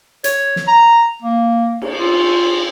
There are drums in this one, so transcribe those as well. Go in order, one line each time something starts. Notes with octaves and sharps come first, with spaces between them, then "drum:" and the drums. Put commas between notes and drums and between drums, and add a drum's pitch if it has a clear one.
C#5, drum: hi-hat
drum: snare
A#5
A#3
drum: cymbal
F4